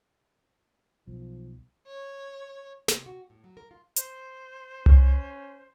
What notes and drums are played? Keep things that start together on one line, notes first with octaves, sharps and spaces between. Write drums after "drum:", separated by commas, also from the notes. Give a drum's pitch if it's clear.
B1 F3
C#5
C3, drum: snare
F#4
A2
F#3
A#4
F4
C5, drum: hi-hat
C#4, drum: tom C2